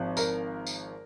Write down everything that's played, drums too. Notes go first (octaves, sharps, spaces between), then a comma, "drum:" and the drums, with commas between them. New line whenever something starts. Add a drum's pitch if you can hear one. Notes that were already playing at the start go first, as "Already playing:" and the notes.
Already playing: G#1 F3
A#4, drum: tambourine
drum: tambourine